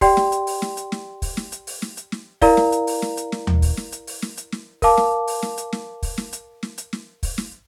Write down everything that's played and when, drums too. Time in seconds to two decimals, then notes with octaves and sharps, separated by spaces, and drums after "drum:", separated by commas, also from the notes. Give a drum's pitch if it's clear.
0.01 G4 D5 G5 C6, drum: kick, open hi-hat
0.17 drum: snare
0.32 drum: hi-hat
0.47 drum: open hi-hat
0.62 drum: snare
0.77 drum: hi-hat
0.92 drum: snare
1.22 drum: kick, open hi-hat
1.37 drum: snare
1.52 drum: hi-hat
1.67 drum: open hi-hat
1.82 drum: snare
1.97 drum: hi-hat
2.12 drum: snare
2.42 E4 A#4 D5 F5 A#5, drum: kick, open hi-hat
2.57 drum: snare
2.72 drum: hi-hat
2.87 drum: open hi-hat
3.02 drum: snare
3.17 drum: hi-hat
3.32 drum: snare
3.47 drum: tom D#2
3.62 drum: kick, open hi-hat
3.77 drum: snare
3.92 drum: hi-hat
4.07 drum: open hi-hat
4.22 drum: snare
4.37 drum: hi-hat
4.52 drum: snare
4.82 A#4 F5 A5 D6, drum: kick, open hi-hat
4.97 drum: snare
5.27 drum: open hi-hat
5.42 drum: snare
5.57 drum: hi-hat
5.72 drum: snare
6.03 drum: kick, open hi-hat
6.18 drum: snare
6.33 drum: hi-hat
6.63 drum: snare
6.78 drum: hi-hat
6.93 drum: snare
7.23 drum: kick, open hi-hat
7.38 drum: snare